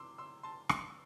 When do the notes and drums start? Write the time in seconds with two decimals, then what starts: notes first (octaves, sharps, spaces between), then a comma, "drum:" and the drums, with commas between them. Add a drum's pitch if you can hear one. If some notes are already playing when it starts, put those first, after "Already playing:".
Already playing: C3 E3 C6 D6 E6
0.18 C6 E6
0.43 A5 C6
0.69 C6 E6, drum: rim click